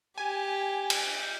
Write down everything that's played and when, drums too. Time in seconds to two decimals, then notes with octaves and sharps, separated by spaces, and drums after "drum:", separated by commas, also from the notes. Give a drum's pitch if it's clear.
0.18 G4 G#5
0.90 drum: cymbal